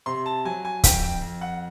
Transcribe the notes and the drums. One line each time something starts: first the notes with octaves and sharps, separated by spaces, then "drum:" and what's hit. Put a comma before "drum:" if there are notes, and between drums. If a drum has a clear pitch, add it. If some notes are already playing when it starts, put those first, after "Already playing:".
C3 C6
A5
F#3 G#5
G#5
F2 G5, drum: kick C#1, hi-hat
G5
F2
F#5